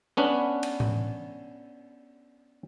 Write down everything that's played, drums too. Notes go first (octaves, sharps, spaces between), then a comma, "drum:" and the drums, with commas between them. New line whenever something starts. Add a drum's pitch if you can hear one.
B3 C#4 D4 B4
drum: cymbal
drum: tom A2